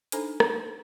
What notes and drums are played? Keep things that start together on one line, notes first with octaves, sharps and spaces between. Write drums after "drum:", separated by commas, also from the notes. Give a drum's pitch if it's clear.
D4 D#4 A4 C5 G#5, drum: hi-hat
drum: rim click